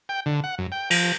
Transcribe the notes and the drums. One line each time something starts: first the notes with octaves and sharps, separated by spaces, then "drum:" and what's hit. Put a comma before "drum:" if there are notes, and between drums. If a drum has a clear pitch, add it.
G5
D3
F#5
F#2
G5
F3, drum: cymbal